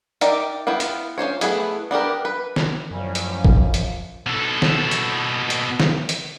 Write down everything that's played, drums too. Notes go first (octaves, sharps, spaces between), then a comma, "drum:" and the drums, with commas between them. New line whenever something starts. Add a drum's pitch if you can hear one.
D#4 G4 A#4 D5 E5, drum: hi-hat
B3 E4 F4 G5
drum: hi-hat
C#4 F4 C5 C#5
A3 B3 E4 G#4, drum: hi-hat
B3 D4 G4 A#4
B4
drum: snare
F#2 A2 F3 G3 C#4
drum: hi-hat
drum: kick
drum: hi-hat
B2 A4
drum: snare
drum: hi-hat
drum: hi-hat
drum: snare
drum: hi-hat